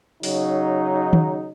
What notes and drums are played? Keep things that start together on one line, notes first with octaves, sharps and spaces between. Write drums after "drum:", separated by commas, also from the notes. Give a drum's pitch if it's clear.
C#3 F#3 D#4, drum: open hi-hat
drum: tom D#3